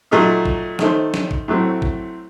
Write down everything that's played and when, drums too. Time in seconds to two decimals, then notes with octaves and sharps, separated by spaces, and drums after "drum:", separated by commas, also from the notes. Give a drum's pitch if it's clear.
0.11 A#2 F#3 A3 D#4
0.45 drum: kick
0.79 D#3 A3 D#4 A4 C5, drum: snare
1.14 drum: snare
1.31 drum: kick
1.48 A2 F#3 A3 C4
1.82 drum: kick